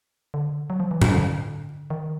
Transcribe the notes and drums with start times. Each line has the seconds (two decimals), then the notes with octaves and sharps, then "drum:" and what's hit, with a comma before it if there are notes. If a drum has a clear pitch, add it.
0.34 D3
0.70 F#3
0.80 F3
0.91 E3
1.02 D#3, drum: tom A2
1.12 D3
1.90 D#3